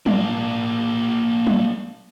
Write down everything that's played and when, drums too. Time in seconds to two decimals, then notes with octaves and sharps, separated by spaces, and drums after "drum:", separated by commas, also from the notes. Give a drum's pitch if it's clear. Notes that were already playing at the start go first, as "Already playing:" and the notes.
0.06 A#3 D4, drum: tom
1.47 drum: tom